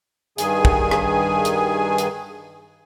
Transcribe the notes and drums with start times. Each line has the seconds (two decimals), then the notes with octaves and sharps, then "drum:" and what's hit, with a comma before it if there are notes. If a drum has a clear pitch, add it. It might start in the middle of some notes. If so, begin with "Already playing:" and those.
0.38 G2 D#3 G#4 G#5, drum: hi-hat
0.65 drum: kick
0.91 drum: rim click
1.45 drum: hi-hat
1.98 drum: hi-hat